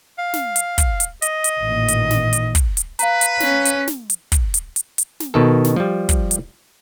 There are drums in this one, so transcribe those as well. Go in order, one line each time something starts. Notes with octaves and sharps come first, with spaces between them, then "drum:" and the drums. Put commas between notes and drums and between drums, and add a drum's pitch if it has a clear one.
F5
drum: snare
drum: hi-hat
drum: kick, hi-hat
drum: hi-hat
D#5, drum: hi-hat
drum: hi-hat
A1 A#2 D#3
drum: hi-hat
drum: snare
drum: hi-hat
drum: kick, hi-hat
drum: hi-hat
B4 F5 A#5, drum: hi-hat
drum: hi-hat
C#4, drum: snare
drum: hi-hat
drum: snare
drum: hi-hat
drum: kick, hi-hat
drum: hi-hat
drum: hi-hat
drum: hi-hat
drum: snare
B2 D#3 A4
drum: snare
F3 G3
drum: kick, hi-hat
drum: hi-hat